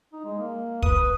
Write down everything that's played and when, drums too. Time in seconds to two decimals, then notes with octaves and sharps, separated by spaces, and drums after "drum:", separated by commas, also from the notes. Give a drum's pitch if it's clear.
0.13 D#4
0.25 G#3
0.38 A#3
0.82 B4 D#6, drum: kick